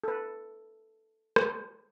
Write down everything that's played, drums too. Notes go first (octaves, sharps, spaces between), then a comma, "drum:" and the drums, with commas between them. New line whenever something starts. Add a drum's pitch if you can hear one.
A4 B4
drum: rim click